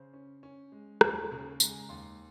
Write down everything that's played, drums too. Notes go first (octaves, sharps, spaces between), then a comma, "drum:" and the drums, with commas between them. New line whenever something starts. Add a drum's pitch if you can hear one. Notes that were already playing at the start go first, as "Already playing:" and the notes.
Already playing: C#3 C5
C#4
C#4
G#3
D#2, drum: rim click
C#3
G#3 A#5, drum: tambourine
G#5
A#5
D#2 C6